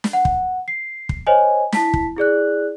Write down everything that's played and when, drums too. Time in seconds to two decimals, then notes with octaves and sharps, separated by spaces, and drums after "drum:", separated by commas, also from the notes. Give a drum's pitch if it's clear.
0.04 drum: snare
0.13 F#5
0.25 drum: kick
0.68 C7
1.09 drum: kick
1.27 C5 C#5 D#5 G#5
1.72 E4 A5 B6, drum: snare
1.94 drum: kick
2.17 E4 G#4 D5 F#6